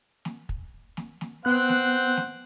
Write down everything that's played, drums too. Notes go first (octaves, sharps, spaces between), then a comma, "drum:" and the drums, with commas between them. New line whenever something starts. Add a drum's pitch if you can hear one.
drum: snare
drum: kick
drum: snare
drum: snare
B3 C4 C5 F#5 F#6
drum: snare
drum: snare